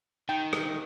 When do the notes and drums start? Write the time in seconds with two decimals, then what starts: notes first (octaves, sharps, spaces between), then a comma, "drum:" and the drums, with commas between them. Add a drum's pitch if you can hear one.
0.29 D#3 G5
0.53 drum: rim click